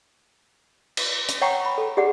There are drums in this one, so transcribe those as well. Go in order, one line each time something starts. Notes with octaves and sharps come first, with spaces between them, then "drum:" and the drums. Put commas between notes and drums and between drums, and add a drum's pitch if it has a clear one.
drum: cymbal
drum: hi-hat
C#5 F#5 G5 A#5 C#6
B5
A4
G4 G#4 D5 F#5